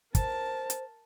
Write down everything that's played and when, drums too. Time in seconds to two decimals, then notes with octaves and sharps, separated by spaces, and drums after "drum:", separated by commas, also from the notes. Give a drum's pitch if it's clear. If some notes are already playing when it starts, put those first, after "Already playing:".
0.15 A#4 C5 A5, drum: kick, hi-hat
0.70 drum: hi-hat